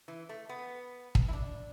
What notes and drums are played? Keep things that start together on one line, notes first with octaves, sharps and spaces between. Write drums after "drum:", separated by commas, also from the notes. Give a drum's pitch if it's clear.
E3
A3
B3
drum: kick
E4
D4